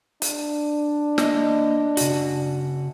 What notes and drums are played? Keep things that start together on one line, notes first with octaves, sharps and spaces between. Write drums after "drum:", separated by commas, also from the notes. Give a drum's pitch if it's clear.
D4, drum: hi-hat
A#3 D#5, drum: snare
C#3 F#4, drum: hi-hat